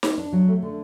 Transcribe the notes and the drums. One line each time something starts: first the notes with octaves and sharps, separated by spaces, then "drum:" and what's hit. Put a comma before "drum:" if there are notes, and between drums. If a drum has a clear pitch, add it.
drum: snare
D4
F#3
A3
D3